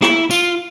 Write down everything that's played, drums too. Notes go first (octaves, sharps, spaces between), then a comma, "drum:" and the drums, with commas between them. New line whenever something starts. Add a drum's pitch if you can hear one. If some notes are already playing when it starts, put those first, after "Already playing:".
E4, drum: rim click
F4, drum: tambourine